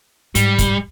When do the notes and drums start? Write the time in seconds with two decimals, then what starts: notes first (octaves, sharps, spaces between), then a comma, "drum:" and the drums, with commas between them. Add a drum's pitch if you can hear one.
0.35 G#2 G3, drum: hi-hat
0.59 drum: kick, hi-hat